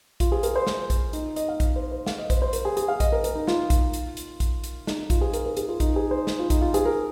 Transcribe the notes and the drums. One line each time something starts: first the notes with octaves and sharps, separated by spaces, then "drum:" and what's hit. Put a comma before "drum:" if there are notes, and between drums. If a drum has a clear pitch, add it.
F4, drum: kick A#1, hi-hat
G#4
A#4, drum: hi-hat
C5
drum: snare
drum: kick A#1, hi-hat
D#4, drum: hi-hat
D#5, drum: hi-hat
F5
drum: kick A#1, hi-hat
C5
C5
F5, drum: snare
D#5
C5, drum: kick A#1, hi-hat
C5
A#4, drum: hi-hat
G#4
G#4, drum: hi-hat
F5
D#5, drum: kick A#1, hi-hat
A#4
A#4, drum: hi-hat
D#4
F4, drum: snare
drum: kick A#1, hi-hat
drum: hi-hat
drum: hi-hat
drum: kick A#1, hi-hat
drum: hi-hat
D#4, drum: snare
D#4
F4, drum: kick A#1, hi-hat
G#4
A#4, drum: hi-hat
A#4
G#4, drum: hi-hat
F4
D#4, drum: kick A#1, hi-hat
G#4
C5
drum: snare
F4
D#4, drum: kick A#1, hi-hat
F4
G#4, drum: hi-hat
A#4